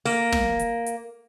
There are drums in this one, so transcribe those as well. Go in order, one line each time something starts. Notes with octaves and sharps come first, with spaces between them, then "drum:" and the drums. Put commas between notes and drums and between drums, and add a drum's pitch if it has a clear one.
A#3, drum: open hi-hat
drum: snare
drum: hi-hat
drum: hi-hat